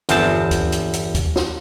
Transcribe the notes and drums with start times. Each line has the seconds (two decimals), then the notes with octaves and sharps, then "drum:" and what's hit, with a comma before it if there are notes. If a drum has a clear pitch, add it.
0.09 G1 E2 F3 C4 A5, drum: hi-hat
0.51 drum: kick, hi-hat
0.72 drum: hi-hat
0.93 drum: hi-hat
1.15 drum: kick, hi-hat
1.36 drum: snare